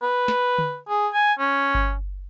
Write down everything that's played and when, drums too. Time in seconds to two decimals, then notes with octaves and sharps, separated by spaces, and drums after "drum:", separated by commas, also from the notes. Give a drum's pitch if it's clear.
0.03 B4
0.28 drum: snare
0.58 drum: tom D3
0.89 G#4
1.14 G#5
1.39 C#4
1.74 drum: kick G1